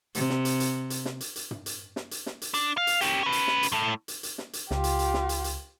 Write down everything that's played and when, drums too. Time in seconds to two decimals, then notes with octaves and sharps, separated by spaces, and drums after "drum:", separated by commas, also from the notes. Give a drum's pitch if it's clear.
0.15 C3, drum: hi-hat
0.30 drum: snare
0.45 drum: hi-hat
0.60 drum: hi-hat
0.90 drum: hi-hat
1.05 drum: snare
1.20 drum: hi-hat
1.36 drum: hi-hat
1.51 drum: tom
1.66 drum: hi-hat
1.96 drum: snare
2.11 drum: hi-hat
2.26 drum: snare
2.42 drum: hi-hat
2.54 D4, drum: hi-hat
2.77 F5
2.87 drum: hi-hat
3.01 C#4 G4, drum: hi-hat
3.23 C#4 B4
3.32 drum: hi-hat
3.47 drum: snare
3.63 drum: hi-hat
3.72 A2 A3
4.08 drum: hi-hat
4.23 drum: hi-hat
4.38 drum: snare
4.53 drum: hi-hat
4.71 C#2 F4 G4, drum: snare
4.84 drum: hi-hat
4.99 drum: hi-hat
5.14 drum: snare
5.29 drum: hi-hat
5.44 drum: hi-hat